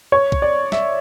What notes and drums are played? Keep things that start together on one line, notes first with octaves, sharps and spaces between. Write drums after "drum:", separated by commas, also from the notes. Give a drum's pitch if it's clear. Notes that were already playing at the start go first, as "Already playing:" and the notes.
C#5
drum: kick
D5
E5, drum: snare